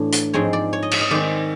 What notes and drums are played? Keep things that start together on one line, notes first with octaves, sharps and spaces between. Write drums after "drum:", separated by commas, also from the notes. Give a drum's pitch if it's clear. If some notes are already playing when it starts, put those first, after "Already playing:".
Already playing: A2 E3 A3 D4
drum: hi-hat
G#2 F3 G#3 C4 C#5
D5
C#5
D#5
E5, drum: cymbal
D#5
D#3 G#3 C4 D5